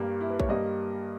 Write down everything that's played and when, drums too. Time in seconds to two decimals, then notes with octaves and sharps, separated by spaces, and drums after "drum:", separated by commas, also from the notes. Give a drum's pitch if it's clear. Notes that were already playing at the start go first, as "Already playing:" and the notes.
Already playing: G2 G3 A#3
0.21 E4
0.30 B4
0.40 C#5, drum: kick A#1
0.49 G2 G3 A#3 D#5